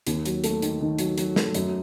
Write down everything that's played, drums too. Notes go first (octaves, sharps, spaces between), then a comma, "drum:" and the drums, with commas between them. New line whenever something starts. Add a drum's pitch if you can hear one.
D#2, drum: hi-hat
F#3, drum: hi-hat
A3, drum: hi-hat
D#3, drum: hi-hat
D#3
F#3, drum: hi-hat
F#3, drum: hi-hat
A3, drum: snare
F#2, drum: hi-hat